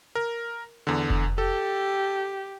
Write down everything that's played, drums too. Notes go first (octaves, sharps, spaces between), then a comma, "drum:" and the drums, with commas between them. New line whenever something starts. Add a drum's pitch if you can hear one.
A#4
E2 D3
drum: kick F1
G4 A4